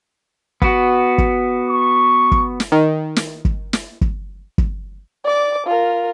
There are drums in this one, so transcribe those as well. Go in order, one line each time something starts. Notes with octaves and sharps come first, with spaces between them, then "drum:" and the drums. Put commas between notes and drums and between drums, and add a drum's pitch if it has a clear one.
B3 F#4, drum: kick
drum: kick
C#6
drum: kick
drum: snare
D#3
drum: snare
drum: kick
drum: snare
drum: kick
drum: kick
D5 D6
F4 A#4